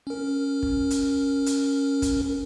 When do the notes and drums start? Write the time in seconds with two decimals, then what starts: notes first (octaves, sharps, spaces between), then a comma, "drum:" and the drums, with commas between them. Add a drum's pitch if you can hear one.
0.07 C#4 A#4
0.63 drum: kick
0.90 drum: hi-hat
1.46 drum: hi-hat
2.02 drum: kick, hi-hat